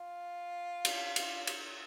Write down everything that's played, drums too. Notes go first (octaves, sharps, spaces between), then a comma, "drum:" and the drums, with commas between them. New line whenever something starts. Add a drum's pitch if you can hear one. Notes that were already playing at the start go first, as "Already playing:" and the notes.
Already playing: F4
drum: cymbal
drum: cymbal
drum: cymbal